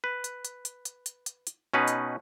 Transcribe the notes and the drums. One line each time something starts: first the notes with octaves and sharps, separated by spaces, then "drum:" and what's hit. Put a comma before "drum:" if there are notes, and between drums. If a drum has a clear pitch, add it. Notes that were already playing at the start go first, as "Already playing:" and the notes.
B4
drum: hi-hat
drum: hi-hat
drum: hi-hat
drum: hi-hat
drum: hi-hat
drum: hi-hat
drum: hi-hat
B2 C#4 D#4 B4
drum: hi-hat